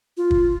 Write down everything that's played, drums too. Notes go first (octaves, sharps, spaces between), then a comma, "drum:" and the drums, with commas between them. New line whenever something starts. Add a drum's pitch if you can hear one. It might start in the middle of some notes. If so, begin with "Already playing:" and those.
F4
drum: kick